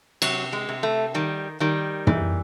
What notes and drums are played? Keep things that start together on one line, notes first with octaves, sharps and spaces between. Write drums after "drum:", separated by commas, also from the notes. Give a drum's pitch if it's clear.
C3 F#3, drum: cymbal
G#3
C3
A3
D#3 G3
D#3 G3
E3, drum: tom